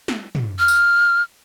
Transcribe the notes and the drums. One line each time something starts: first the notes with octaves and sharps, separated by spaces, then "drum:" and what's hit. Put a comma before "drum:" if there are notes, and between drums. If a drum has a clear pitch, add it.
drum: snare
drum: tom
F6
drum: tambourine